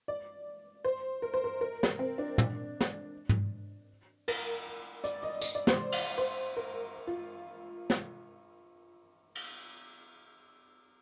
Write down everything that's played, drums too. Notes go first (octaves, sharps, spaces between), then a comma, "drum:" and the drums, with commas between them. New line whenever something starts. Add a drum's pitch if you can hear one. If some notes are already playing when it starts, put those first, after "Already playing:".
D5
C5
A#4
C5
A#4
A#4
drum: snare
C4
D4
drum: tom
drum: snare
drum: tom
A#4, drum: cymbal
D5, drum: hi-hat
D#5
D#5, drum: tambourine
D5
C5, drum: snare
drum: cymbal
C5
A#4
F4
drum: snare
drum: cymbal